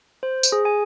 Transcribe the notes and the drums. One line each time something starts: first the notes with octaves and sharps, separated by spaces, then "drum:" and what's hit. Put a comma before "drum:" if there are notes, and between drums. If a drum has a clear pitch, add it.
C5
drum: tambourine
G#4
G#5